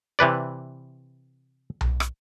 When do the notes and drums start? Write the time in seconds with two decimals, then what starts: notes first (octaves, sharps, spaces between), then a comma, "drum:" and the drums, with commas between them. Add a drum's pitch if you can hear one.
0.19 C3 E3 B4 D5
1.81 drum: tom B1
2.00 drum: rim click